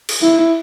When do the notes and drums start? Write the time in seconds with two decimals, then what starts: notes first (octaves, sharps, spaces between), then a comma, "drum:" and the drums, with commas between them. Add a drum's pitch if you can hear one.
0.09 drum: cymbal
0.21 E4